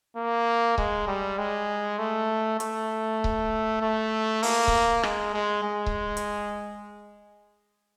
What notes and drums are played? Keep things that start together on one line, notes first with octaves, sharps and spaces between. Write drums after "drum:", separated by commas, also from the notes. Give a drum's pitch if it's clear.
A#3
G#3, drum: kick C#1
G3
G#3
A3
A3, drum: hi-hat
drum: kick C#1
A3
A#3, drum: open hi-hat
drum: kick C#1
G#3, drum: rim click
G#3
G#3
drum: kick C#1
drum: hi-hat